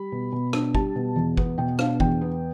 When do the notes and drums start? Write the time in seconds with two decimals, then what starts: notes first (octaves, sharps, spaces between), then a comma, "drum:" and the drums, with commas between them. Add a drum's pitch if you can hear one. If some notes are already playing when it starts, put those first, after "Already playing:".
Already playing: G3 B5
0.12 B2
0.32 B2
0.53 D4, drum: rim click
0.75 G3 A5, drum: kick
0.96 B2
1.16 E2
1.37 B3, drum: kick
1.58 B2 G5
1.79 D4 F5, drum: rim click
2.00 E2 G5, drum: kick
2.21 B3